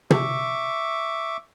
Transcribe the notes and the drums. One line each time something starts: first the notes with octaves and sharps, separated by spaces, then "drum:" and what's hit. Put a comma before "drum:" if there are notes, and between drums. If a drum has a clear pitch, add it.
E5 C#6 D6, drum: tom